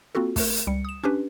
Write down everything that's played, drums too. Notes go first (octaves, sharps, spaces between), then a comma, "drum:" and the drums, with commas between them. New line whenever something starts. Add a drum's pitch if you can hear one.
A#3 C4 F4 F#4 A4
A3 A#4, drum: kick, open hi-hat
drum: hi-hat
C#2 G3 C#7
D#6 E7
C#4 D4 G4 B4